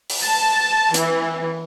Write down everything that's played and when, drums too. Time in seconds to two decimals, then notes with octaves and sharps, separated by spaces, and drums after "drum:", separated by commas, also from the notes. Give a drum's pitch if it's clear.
0.10 drum: open hi-hat
0.23 A5
0.94 E3, drum: hi-hat